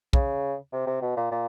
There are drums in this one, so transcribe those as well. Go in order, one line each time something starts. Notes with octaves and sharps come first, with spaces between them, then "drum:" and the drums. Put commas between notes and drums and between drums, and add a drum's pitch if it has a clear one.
C#3, drum: kick
C3
C3
B2
A#2
A#2